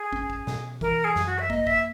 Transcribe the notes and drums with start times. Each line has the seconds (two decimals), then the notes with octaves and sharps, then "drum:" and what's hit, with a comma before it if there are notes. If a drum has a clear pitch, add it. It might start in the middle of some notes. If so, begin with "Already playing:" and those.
Already playing: G#4
0.13 C#4, drum: kick
0.30 drum: kick
0.47 B2, drum: snare
0.81 E3 A#4, drum: kick
1.05 G#4
1.16 F#2, drum: snare
1.26 F#4
1.39 E5
1.50 A#3 D#5, drum: kick
1.67 E5, drum: kick